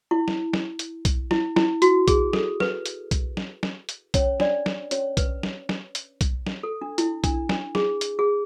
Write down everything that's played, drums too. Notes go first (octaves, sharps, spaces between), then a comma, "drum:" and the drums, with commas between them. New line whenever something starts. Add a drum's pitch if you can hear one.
E4
drum: snare
drum: snare
drum: hi-hat
drum: kick B1, hi-hat
E4, drum: snare
E4, drum: snare
F#4, drum: hi-hat
G#4, drum: kick B1, hi-hat
A4, drum: snare
B4, drum: snare
drum: hi-hat
drum: kick B1, hi-hat
drum: snare
drum: snare
drum: hi-hat
C#4 C#5, drum: kick B1, hi-hat
D4 D5, drum: snare
drum: snare
C#4 C#5, drum: hi-hat
B4, drum: kick B1, hi-hat
drum: snare
drum: snare
drum: hi-hat
drum: kick B1, hi-hat
drum: snare
A4
D4
E4, drum: hi-hat
D4, drum: kick B1, hi-hat
D4, drum: snare
G#4, drum: snare
drum: hi-hat
G#4